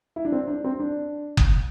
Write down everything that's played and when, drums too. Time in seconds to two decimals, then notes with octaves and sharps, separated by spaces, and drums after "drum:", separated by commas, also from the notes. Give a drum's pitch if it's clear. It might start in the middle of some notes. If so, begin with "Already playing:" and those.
0.16 E4
0.25 D4
0.32 C4
0.48 D4
0.64 C4
0.80 D4
1.37 drum: kick F#1